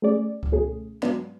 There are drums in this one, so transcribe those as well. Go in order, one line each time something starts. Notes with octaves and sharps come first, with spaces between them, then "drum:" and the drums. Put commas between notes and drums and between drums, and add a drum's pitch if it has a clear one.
A3 C#4 G#4 D5
drum: kick C#2
B2 A3 C#4 G#4
G#2 F#3 B3 D4, drum: clap